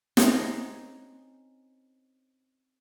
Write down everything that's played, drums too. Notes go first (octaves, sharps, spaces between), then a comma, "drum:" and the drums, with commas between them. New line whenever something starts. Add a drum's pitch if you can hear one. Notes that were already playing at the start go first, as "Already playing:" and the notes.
C4 C#4 D#4 G#4, drum: snare